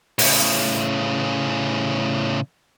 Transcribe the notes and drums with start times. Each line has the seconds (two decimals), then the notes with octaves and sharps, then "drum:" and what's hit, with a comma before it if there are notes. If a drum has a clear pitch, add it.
0.19 A2 C#3, drum: open hi-hat